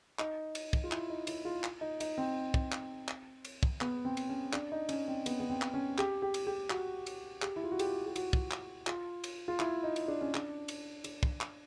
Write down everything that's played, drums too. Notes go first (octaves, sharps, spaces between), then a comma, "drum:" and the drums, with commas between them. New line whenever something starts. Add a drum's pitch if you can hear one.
D#4, drum: clap
drum: cymbal
drum: kick
F4
E4, drum: clap
D#4
E4, drum: cymbal
F4
drum: clap
D#4
D#4, drum: cymbal
C4
drum: kick
drum: clap
drum: clap
drum: cymbal
drum: kick
B3, drum: clap
C4
drum: cymbal
C#4
D4, drum: clap
D#4
C#4, drum: cymbal
C4
B3, drum: cymbal
B3
C4
drum: clap
C#4
G4, drum: clap
G4
drum: cymbal
G4
F#4, drum: clap
drum: cymbal
G4, drum: clap
E4
F4
F#4
G4, drum: cymbal
G4
F#4, drum: cymbal
drum: kick
drum: clap
F4, drum: clap
drum: cymbal
F4
E4, drum: clap
D#4
drum: cymbal
D4
C#4
D4, drum: clap
drum: cymbal
D4, drum: cymbal
drum: kick
drum: clap